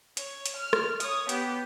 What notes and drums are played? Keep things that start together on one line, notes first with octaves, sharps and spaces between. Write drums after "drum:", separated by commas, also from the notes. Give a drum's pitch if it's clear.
C#5, drum: hi-hat
drum: hi-hat
F6
drum: rim click
C#5 D#6, drum: hi-hat
B3 G4, drum: hi-hat